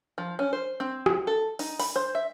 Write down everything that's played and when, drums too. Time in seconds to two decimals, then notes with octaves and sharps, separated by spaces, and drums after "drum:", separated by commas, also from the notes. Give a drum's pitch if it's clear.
0.18 F3
0.39 C#4
0.53 C5
0.80 C4
1.06 drum: rim click
1.27 A4
1.59 D#4, drum: open hi-hat
1.80 B5, drum: open hi-hat
1.96 C5
2.15 E5